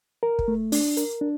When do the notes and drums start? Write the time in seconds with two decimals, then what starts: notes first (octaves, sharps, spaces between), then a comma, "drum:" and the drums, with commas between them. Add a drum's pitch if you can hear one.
0.23 A#4
0.39 drum: kick
0.48 A3
0.72 D4, drum: open hi-hat
0.97 A#4, drum: hi-hat
1.21 D4